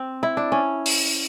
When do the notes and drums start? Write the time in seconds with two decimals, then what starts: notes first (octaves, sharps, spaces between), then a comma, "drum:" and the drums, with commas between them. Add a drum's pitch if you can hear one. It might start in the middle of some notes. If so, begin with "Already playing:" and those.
Already playing: C4
0.23 E4
0.37 D4
0.52 C#4
0.86 drum: open hi-hat